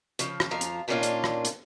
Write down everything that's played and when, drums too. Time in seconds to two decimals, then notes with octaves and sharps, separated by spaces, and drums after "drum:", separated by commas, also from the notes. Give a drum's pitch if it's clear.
0.19 C#3 F3, drum: hi-hat
0.40 drum: rim click
0.51 F2 F3 F5 A#5
0.61 drum: hi-hat
0.88 A#2 D#3 A#3 C#4 D4 F4
1.03 drum: hi-hat
1.24 drum: rim click
1.45 drum: hi-hat